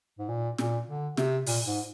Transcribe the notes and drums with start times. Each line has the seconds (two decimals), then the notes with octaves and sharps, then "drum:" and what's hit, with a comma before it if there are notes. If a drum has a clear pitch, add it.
0.19 G#2
0.29 A#2
0.58 A#2, drum: snare
0.88 D3
1.17 C3, drum: snare
1.46 A#2, drum: open hi-hat
1.66 G#2